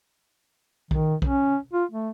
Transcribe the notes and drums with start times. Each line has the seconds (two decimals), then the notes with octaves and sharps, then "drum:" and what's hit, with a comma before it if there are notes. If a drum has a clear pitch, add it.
0.91 D#3, drum: kick B1
1.22 C#4, drum: kick B1
1.73 F4
1.91 A3